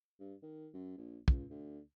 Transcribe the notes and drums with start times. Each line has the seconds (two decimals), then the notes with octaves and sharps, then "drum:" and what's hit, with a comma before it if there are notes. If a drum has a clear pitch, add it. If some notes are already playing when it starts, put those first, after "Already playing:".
0.19 G2
0.42 D#3
0.74 F#2
0.97 A#1
1.28 C#2, drum: kick
1.50 D2